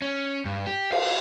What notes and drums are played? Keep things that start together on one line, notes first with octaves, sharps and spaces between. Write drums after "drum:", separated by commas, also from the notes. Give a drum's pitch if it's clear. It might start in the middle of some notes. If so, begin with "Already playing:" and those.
C#4
G2
G4
F5, drum: cymbal